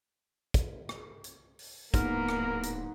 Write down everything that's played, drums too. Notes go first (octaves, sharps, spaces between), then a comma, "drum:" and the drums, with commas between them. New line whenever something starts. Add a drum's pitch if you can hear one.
drum: kick, hi-hat
drum: rim click
drum: hi-hat
drum: open hi-hat
D1 G#2 A#3 B3 A#4, drum: kick, hi-hat
drum: rim click
drum: hi-hat